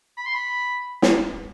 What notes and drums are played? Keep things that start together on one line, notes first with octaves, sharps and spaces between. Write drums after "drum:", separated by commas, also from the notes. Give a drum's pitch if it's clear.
B5
C6
B5
drum: snare